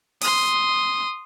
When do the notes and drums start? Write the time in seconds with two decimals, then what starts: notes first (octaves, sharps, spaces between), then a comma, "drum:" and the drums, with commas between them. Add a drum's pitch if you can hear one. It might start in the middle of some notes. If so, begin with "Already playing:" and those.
0.21 C6 D#6, drum: open hi-hat